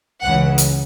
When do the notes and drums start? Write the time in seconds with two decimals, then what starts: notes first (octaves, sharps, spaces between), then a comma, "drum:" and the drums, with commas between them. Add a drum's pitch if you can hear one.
0.21 C#2 C#3 E3 F#5
0.58 drum: hi-hat